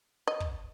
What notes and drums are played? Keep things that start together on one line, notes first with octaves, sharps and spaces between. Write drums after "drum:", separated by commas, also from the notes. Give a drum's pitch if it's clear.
D#5
drum: kick